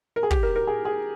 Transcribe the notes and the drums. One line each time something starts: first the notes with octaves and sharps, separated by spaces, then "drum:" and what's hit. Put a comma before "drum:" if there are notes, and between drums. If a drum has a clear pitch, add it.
A#4
G#4
G4, drum: kick
A#4
A#4
G#4
G#4